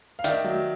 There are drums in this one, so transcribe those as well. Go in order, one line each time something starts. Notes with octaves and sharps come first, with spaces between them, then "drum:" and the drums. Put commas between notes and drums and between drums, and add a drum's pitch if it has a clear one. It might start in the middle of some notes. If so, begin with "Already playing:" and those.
F5
D#3 D5 E5, drum: hi-hat
F#3